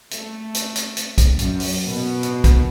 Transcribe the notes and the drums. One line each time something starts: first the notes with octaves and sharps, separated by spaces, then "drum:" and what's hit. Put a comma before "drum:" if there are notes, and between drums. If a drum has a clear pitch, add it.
A3, drum: hi-hat
drum: hi-hat
drum: hi-hat
drum: hi-hat
drum: kick, hi-hat
F#2, drum: hi-hat
drum: open hi-hat
B2
drum: hi-hat
drum: kick, hi-hat